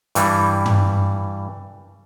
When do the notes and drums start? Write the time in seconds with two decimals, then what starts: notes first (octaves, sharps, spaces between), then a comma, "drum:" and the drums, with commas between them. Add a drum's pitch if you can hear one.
0.15 G2 E3 G3, drum: hi-hat
0.66 drum: tom